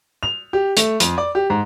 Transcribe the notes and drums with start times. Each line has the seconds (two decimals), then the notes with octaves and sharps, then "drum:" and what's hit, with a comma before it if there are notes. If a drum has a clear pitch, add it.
0.23 F7
0.53 G4
0.77 A3, drum: hi-hat
1.00 F2, drum: hi-hat
1.18 D5
1.35 G4
1.50 G#2